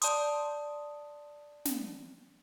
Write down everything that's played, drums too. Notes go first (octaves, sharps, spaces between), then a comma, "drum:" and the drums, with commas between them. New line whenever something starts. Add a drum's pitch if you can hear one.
D5 A5 C6 D#6, drum: hi-hat
drum: snare